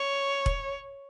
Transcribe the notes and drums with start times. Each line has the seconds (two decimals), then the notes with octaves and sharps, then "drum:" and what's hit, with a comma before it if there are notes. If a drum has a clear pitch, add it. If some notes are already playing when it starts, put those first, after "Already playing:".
Already playing: C#5
0.46 drum: kick E1